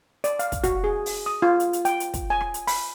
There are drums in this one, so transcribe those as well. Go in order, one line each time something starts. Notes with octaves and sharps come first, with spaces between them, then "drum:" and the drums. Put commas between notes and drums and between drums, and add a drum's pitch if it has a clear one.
D5, drum: hi-hat
F5, drum: hi-hat
drum: kick, hi-hat
F#4, drum: kick, hi-hat
G#4
drum: open hi-hat
D#6
F4
drum: hi-hat
drum: hi-hat
G5, drum: hi-hat
drum: hi-hat
drum: kick, hi-hat
G#5
drum: rim click
drum: hi-hat
B5, drum: open hi-hat